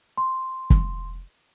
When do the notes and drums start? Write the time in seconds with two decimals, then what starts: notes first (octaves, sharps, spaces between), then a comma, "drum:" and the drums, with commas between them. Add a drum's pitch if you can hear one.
0.17 C6
0.70 drum: kick